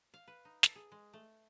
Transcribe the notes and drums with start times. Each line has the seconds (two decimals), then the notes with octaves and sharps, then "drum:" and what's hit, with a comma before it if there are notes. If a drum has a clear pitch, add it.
0.14 F5
0.28 B4
0.45 D#4
0.63 A4, drum: snare
0.76 G#4
0.92 G#3
1.13 A3